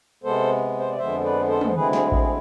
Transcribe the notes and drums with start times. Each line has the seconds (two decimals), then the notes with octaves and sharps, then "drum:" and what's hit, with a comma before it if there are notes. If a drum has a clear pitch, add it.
0.24 C3 G#3 B3 A4 C5
0.79 C5
0.89 D5
0.98 F2 D3 F3 G#3 B3 C5 E5
1.24 B4 D5
1.49 A4 C5
1.61 drum: tom
1.74 D2 D3 G#3 C4 E4 G#4 B4
1.93 G#4, drum: snare
2.12 G#4, drum: kick A1
2.23 G#4